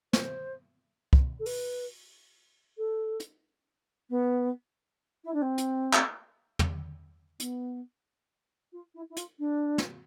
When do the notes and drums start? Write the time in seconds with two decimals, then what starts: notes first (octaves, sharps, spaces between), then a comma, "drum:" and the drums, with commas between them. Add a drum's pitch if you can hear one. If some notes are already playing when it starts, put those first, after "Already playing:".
0.13 C5, drum: snare
1.13 drum: kick
1.39 A4
1.46 B4, drum: open hi-hat
2.78 A4
3.20 drum: hi-hat
4.10 B3
5.24 E4
5.34 D4
5.42 C4
5.58 drum: hi-hat
5.93 drum: clap
6.59 drum: tom
7.40 B3, drum: hi-hat
8.72 F4
8.95 E4
9.10 E4
9.17 F4, drum: hi-hat
9.39 D4
9.78 drum: snare